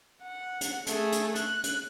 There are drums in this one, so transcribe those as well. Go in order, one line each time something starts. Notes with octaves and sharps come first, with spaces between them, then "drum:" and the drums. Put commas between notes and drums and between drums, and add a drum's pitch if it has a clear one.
F#5
drum: hi-hat
A3 G#4, drum: hi-hat
drum: hi-hat
F#6, drum: hi-hat
drum: hi-hat